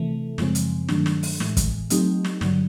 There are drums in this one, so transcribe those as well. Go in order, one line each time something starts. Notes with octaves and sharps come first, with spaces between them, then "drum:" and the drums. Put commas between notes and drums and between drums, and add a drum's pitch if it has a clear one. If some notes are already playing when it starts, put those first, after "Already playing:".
Already playing: C3 E3 A3
F#2 C#3 F3 G#3 C4, drum: snare
drum: hi-hat
G2 D#3 F#3 A3 D4, drum: snare
drum: snare
drum: open hi-hat
A2 E3 G#3, drum: snare
drum: kick, hi-hat
F#3 A3 C4 D#4 G4, drum: hi-hat
drum: snare
G2 D3 F#3, drum: snare